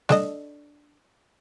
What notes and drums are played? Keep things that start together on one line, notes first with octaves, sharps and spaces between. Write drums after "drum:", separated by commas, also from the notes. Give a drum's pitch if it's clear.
D4 A4 D#5, drum: snare G3